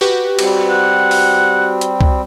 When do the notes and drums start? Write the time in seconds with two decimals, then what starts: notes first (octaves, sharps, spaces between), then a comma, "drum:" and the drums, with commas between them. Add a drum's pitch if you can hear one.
0.01 F#4 G4 B4
0.39 G3 C4, drum: cymbal
0.70 F#5
1.11 drum: open hi-hat
1.81 drum: hi-hat
2.01 drum: kick C2